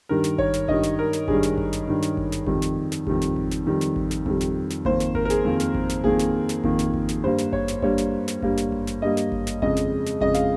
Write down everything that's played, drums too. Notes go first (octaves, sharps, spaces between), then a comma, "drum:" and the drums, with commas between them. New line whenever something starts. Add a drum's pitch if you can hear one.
G2 D#3 G3 A#4
drum: snare
C#5, drum: kick G#1
drum: snare
G2 D#3 G3 D#5, drum: kick G#1
drum: snare
A#4
drum: snare
G2 D#3 G3 G#4, drum: kick G#1
drum: snare
drum: kick G#1
drum: snare
G2 D#3 G3
drum: snare
drum: kick G#1
drum: snare
F2 D#3 G3, drum: kick G#1
drum: snare
drum: snare
F2 D#3 G3, drum: kick G#1
drum: snare
drum: kick G#1
drum: snare
F2 D#3 G3
drum: snare
drum: kick G#1
drum: snare
F2 D#3 G3, drum: kick G#1
drum: snare
drum: snare
F2 D#3 A#3 C5, drum: kick G#1
drum: snare
A#4, drum: kick G#1
A#4
G#4, drum: snare
F2 D#3 A#3
drum: snare
drum: kick G#1
drum: snare
F2 D#3 A#3 G#4, drum: kick G#1
drum: snare
drum: snare
F2 D#3 A#3, drum: kick G#1
drum: snare
drum: kick G#1
drum: snare
G2 G3 A#3 C5
drum: snare
C#5, drum: kick G#1
drum: snare
G2 G3 A#3 C#5, drum: kick G#1
drum: snare
drum: snare
G2 G3 A#3, drum: kick G#1
drum: snare
drum: kick G#1
drum: snare
G2 G3 A#3 D#5
drum: snare
drum: kick G#1
drum: snare
F2 C#3 G#3 D#5, drum: kick G#1
drum: snare
drum: snare
F2 C#3 G#3 D#5, drum: kick G#1
F5, drum: snare